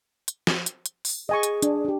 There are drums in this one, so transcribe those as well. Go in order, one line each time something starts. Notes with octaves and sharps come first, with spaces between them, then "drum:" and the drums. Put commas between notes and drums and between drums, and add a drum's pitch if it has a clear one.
drum: hi-hat
drum: snare
drum: hi-hat
drum: hi-hat
drum: open hi-hat
G#4 D#5 G#5 C#6
drum: hi-hat
D4, drum: hi-hat
D4 G4